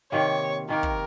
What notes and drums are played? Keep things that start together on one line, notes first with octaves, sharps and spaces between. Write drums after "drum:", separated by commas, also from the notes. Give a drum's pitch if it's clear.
C3 D#3 A#3 C#5
C3 D#3 A#3 A#4
drum: kick